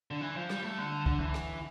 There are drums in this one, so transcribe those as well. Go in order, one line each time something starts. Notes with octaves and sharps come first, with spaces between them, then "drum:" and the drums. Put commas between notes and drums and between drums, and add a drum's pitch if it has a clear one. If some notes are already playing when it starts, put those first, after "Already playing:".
D3
E3
F3
G3, drum: rim click
A3
D3
D3, drum: kick
E3
drum: rim click